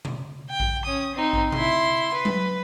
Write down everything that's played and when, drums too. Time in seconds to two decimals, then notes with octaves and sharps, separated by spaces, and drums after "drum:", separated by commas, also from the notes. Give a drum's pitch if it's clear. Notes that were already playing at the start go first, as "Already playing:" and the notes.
0.05 drum: tom B2
0.49 G5
0.60 drum: kick A#1
0.85 C#4 D#6
1.15 C4 D#4
1.33 drum: kick A#1
1.52 E4 C6, drum: tom B2
2.14 B4
2.25 drum: tom F#3